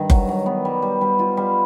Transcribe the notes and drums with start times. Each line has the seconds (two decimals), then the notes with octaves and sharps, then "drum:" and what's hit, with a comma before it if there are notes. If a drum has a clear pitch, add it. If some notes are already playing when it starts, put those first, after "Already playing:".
Already playing: G2 D#3
0.10 F#3, drum: kick F#1
0.29 F#3
0.46 B3
0.65 G3
0.82 G3
1.01 G3
1.19 F4
1.37 G3